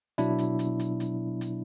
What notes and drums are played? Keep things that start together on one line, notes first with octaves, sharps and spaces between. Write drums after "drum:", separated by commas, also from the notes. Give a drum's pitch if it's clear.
B2 F#3 B3 D4 E4, drum: hi-hat
drum: hi-hat
drum: hi-hat
drum: hi-hat
drum: hi-hat
drum: hi-hat